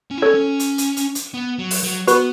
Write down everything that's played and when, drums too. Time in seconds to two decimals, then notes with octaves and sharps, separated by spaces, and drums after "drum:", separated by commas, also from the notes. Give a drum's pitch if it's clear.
0.11 C#4
0.18 E4
0.22 C#4 A4 C#5
0.34 C#4
0.60 drum: hi-hat
0.78 drum: hi-hat
0.97 drum: hi-hat
1.15 drum: hi-hat
1.34 B3
1.58 F#3
1.71 drum: open hi-hat
1.83 F#3
2.07 B3 F#4 B4, drum: hi-hat